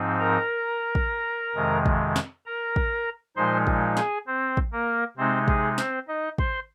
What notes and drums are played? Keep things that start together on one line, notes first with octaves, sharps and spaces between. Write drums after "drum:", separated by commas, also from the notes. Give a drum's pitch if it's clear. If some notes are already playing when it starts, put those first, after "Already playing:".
Already playing: G#2 F3 C4 D#4
A#4 A#5
drum: kick
F2 C3 D#3 G#3
drum: kick
drum: snare
A#4 A#5
drum: kick
A#2 F3 G#3 D#4 C5 C6
drum: kick
G#4 G#5, drum: snare
C4 C5
drum: kick
A#3 A#4
C3 G#3 C4 D#4 C5
G#4, drum: kick
C4 C5, drum: snare
D#4 D#5
C5 C6, drum: kick